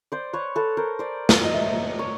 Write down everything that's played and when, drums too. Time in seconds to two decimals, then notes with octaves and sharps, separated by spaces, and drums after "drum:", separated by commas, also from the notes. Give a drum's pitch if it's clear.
0.12 C5 D5
0.33 B4 C#5
0.56 A4 B4
0.77 A#4 C5
0.99 C5 D5
1.29 drum: snare
1.43 D#5
1.53 E5
1.63 C#5 D#5
1.87 D5
1.99 C#5